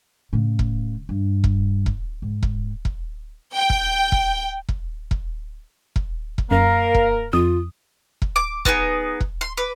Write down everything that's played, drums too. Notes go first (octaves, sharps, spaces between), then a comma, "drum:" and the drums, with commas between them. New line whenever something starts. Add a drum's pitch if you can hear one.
A2 C#3
drum: kick E1
G2
drum: kick E1
drum: kick E1
G#2
drum: kick E1
drum: kick E1
G5
drum: kick E1
drum: kick E1
drum: kick E1
drum: kick E1
drum: kick E1
drum: kick E1
F#2 A#3 A#4 F5
drum: kick E1
F2 F4 D#6
drum: kick E1
D6
B3 D#4 G4 G#4, drum: kick E1
drum: kick E1
C6
B4 D6